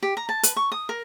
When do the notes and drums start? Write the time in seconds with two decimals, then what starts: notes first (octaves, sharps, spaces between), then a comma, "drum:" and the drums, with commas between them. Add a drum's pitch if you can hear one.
0.03 G4
0.17 A#5
0.29 A5
0.43 B4, drum: hi-hat
0.56 C#6
0.72 D#6
0.89 A#4